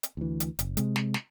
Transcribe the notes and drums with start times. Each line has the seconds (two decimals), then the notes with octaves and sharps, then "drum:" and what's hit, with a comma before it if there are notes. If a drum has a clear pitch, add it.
0.03 drum: hi-hat
0.17 D2 E3
0.40 drum: hi-hat
0.59 F#1, drum: hi-hat
0.77 C3 G#3, drum: hi-hat
0.96 drum: snare
1.14 drum: snare